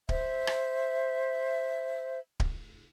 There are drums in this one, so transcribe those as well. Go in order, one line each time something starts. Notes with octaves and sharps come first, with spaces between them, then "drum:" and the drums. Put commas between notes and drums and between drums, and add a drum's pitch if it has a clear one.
C5 E5, drum: kick D1
drum: rim click
drum: kick D1